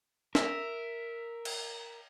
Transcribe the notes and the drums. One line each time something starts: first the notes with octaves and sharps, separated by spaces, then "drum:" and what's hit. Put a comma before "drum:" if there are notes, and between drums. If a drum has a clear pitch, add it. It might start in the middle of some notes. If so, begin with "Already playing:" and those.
A#4 E5, drum: snare
drum: cymbal